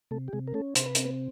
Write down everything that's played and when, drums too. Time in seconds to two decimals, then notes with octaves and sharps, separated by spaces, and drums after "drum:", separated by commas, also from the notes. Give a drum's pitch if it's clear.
0.11 C3 A3 A4
0.28 G4
0.33 C3 G#3 G#4
0.48 A#4
0.54 A3 C#4 A4
0.75 C3 C5, drum: hi-hat
0.86 B4
0.95 C4 A#4, drum: hi-hat
1.05 B3 B4